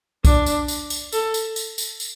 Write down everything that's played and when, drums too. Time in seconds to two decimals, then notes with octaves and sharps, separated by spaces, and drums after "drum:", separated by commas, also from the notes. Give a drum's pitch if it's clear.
0.25 D4, drum: kick B1, tambourine
0.46 drum: tambourine
0.68 drum: tambourine
0.90 drum: tambourine
1.12 A4, drum: tambourine
1.34 drum: tambourine
1.56 drum: tambourine
1.78 drum: tambourine
2.00 drum: tambourine